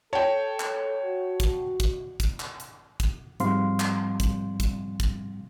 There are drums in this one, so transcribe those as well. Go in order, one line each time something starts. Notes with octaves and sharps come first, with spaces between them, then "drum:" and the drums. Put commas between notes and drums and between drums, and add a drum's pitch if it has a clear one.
A4 C#5 G5 A5
drum: clap
F#4
drum: kick, hi-hat
drum: kick, hi-hat
drum: kick, hi-hat
drum: clap
drum: hi-hat
drum: kick, hi-hat
G#2 F3 G3 C4 F5 C6, drum: hi-hat
drum: clap
drum: kick, hi-hat
drum: kick, hi-hat
drum: kick, hi-hat